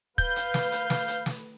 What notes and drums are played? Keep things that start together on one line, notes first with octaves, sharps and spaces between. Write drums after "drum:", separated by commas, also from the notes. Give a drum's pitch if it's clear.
B4 F5 G6, drum: kick
drum: hi-hat
drum: snare
drum: hi-hat
drum: snare
drum: hi-hat
drum: snare